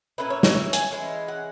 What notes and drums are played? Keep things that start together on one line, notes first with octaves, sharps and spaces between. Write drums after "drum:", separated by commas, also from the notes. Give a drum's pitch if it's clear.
A#2 G#3 C#4 E4 B4
C#5
C#5, drum: snare
G#5, drum: hi-hat
E3 G#3 C#4 E4
F#5